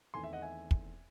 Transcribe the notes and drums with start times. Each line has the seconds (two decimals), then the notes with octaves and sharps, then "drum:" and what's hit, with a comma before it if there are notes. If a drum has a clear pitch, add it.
0.14 E2 D#3 A3 C4 G#5 C6
0.24 E5
0.33 D#5 F#5
0.42 E5 G#5
0.71 drum: kick